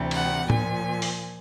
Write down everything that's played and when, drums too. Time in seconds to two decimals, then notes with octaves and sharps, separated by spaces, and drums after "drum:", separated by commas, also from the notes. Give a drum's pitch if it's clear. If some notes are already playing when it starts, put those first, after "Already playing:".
Already playing: D2 C3 E3 G3
0.11 F#5, drum: cymbal
0.50 A#2 F3 G#5, drum: tom A2
1.02 drum: open hi-hat